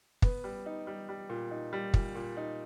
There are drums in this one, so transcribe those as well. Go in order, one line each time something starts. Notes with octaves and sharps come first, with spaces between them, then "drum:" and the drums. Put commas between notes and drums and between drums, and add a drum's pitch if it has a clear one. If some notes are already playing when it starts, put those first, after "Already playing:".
B3, drum: kick
G3
D#4
G3
G3
A#2
D#4
G3
A#2, drum: kick
A#2
D#4